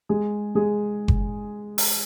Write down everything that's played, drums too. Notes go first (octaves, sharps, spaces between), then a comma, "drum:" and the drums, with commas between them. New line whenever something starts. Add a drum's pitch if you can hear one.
G#3 G#4
G#3 G#4
drum: kick F#1
drum: open hi-hat